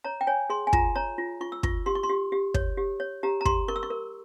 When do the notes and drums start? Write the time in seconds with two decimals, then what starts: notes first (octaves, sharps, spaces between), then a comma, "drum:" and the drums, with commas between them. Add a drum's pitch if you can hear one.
0.04 C#5 A#5
0.21 G5
0.27 C#5 G#5
0.50 G#4 C6
0.67 G#5
0.73 F4 A#5, drum: kick
0.95 C#5 A#5
1.18 F4
1.41 F4 C#6
1.52 E6
1.63 F4 C#6, drum: kick
1.86 G4 C6
1.95 C#6
2.03 C6
2.09 G4
2.32 G4
2.54 C#5, drum: kick
2.77 G4
3.00 C#5
3.23 G4 A#5
3.41 A#5
3.45 G4 C6, drum: kick
3.68 A#4 C#6
3.76 E6
3.83 C#6
3.90 A#4